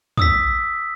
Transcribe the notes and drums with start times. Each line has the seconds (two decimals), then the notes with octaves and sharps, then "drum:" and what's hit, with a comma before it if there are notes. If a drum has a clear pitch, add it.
0.17 D#6 E6 B6, drum: tom